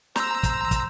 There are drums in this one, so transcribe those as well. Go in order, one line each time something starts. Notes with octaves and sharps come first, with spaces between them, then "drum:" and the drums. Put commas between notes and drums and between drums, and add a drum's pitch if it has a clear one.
C5 A#5 E6, drum: snare
drum: kick, hi-hat
drum: kick, hi-hat